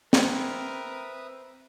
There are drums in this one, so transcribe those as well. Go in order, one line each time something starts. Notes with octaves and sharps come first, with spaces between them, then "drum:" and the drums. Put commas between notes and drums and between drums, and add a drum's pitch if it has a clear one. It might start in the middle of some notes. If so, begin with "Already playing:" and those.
C4 A#4 B4 E5 D#6, drum: snare